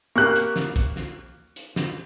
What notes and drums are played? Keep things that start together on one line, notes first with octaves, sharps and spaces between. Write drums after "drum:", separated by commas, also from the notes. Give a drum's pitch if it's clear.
A#3 G4 C#6 F#6
drum: hi-hat
drum: snare
drum: kick, hi-hat
drum: snare
drum: hi-hat
drum: snare